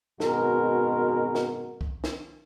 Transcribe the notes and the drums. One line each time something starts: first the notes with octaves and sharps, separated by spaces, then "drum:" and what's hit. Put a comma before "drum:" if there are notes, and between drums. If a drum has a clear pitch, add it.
G#1 F#2 B2 G#3 F#4 A#4, drum: snare
drum: snare
drum: kick C2
drum: snare